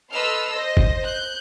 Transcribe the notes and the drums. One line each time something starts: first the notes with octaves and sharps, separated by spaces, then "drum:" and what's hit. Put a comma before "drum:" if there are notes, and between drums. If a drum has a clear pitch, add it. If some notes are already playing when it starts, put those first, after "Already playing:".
A4 B4 D#5 C6 E6 F6
C5 D#5 A#6
drum: kick
F#6 G6